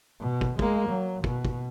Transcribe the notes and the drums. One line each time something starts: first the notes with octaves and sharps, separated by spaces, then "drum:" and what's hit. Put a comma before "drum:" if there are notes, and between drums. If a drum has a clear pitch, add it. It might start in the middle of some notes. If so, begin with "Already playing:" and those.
B2
drum: kick
G#3 A#3, drum: kick
F#3
B2, drum: kick
drum: kick